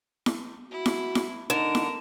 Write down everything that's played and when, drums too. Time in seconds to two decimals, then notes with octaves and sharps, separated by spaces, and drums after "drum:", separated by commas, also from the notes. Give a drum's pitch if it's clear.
0.26 drum: snare E4
0.71 E4 F#4
0.86 drum: snare E4
1.15 drum: snare E4
1.50 D3 D#4 A#4 E7
1.75 drum: snare E4